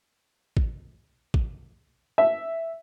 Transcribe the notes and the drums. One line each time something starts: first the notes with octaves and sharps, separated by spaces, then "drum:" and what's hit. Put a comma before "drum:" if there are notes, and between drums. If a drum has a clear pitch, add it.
drum: kick A1
drum: kick A1
E5